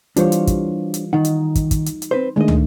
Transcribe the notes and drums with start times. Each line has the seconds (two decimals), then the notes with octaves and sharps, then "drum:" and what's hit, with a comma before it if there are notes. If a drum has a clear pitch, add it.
0.16 E3 G3 D4 F4 C5 C#5, drum: hi-hat
0.32 drum: hi-hat
0.47 drum: kick, hi-hat
0.94 drum: hi-hat
1.13 D#3 D#4 F#5
1.25 drum: hi-hat
1.55 drum: kick, hi-hat
1.71 drum: kick, hi-hat
1.86 drum: hi-hat
2.02 drum: hi-hat
2.11 C4 B4 C5
2.36 D#3 G#3 A3 D4 D#5
2.48 drum: tom